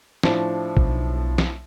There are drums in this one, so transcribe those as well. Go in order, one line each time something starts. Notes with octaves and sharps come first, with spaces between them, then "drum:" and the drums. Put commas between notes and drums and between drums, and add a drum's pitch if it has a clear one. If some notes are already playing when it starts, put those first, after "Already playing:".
A2 F3 D4, drum: snare
B1, drum: kick A1
drum: snare